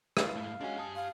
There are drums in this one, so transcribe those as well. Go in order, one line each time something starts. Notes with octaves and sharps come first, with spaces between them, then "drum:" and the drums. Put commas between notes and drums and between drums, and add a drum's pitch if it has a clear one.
E4 F5, drum: rim click
G#2 A3
G#3 C#4 D4 F#4 G#5
G4 G#5 A5 D#6
F5